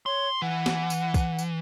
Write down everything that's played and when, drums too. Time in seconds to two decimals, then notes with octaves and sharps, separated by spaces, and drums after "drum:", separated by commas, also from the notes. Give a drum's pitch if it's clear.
0.06 C#5 C6
0.42 E3 F#5
0.66 drum: snare
0.90 drum: tambourine
1.14 drum: kick, tambourine
1.39 drum: tambourine